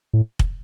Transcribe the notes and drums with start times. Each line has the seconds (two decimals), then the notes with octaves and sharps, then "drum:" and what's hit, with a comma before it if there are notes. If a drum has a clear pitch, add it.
0.13 A2
0.39 drum: kick